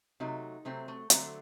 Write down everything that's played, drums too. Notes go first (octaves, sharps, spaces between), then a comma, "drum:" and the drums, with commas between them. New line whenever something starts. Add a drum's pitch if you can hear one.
C3 F#3 A3 D#4
C3 F#3 A3 C4
A3
D3 F#3 A3 C4, drum: hi-hat